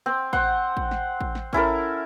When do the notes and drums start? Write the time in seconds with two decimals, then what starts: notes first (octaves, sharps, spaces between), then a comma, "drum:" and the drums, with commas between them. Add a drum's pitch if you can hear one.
0.06 C4
0.33 C5 F#5, drum: kick
0.77 drum: kick
0.91 drum: snare
1.21 drum: kick
1.35 drum: snare
1.53 C#4 E4 A4 A#4, drum: kick